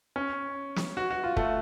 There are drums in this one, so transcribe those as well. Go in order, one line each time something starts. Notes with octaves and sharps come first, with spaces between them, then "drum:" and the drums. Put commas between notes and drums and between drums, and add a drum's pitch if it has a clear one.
C#4
drum: snare
F#4
F#4
F4
A3, drum: kick